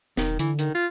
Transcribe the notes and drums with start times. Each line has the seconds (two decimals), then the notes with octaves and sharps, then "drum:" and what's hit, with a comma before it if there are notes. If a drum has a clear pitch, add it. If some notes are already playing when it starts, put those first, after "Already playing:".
0.17 E1 D#3, drum: snare
0.39 D3 E3, drum: hi-hat
0.59 D#3, drum: hi-hat
0.75 F4